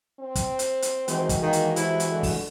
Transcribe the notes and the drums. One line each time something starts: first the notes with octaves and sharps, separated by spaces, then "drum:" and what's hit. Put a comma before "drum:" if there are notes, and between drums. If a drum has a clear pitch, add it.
C4
drum: kick, hi-hat
drum: hi-hat
drum: hi-hat
D#3 E3 G#3 C4 F#4, drum: hi-hat
drum: kick, hi-hat
D#3 A#3
drum: hi-hat
C3 E4, drum: hi-hat
drum: hi-hat
D3
drum: kick, open hi-hat